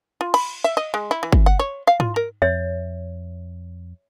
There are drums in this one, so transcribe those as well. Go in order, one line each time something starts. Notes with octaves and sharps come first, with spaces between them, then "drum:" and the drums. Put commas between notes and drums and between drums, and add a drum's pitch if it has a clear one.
F4
B5, drum: cymbal
E5
D#5
G#3
E4
E3
drum: kick G1
F#5
C#5
F5
F4, drum: tom G#2
A#4
F2 C#5 E5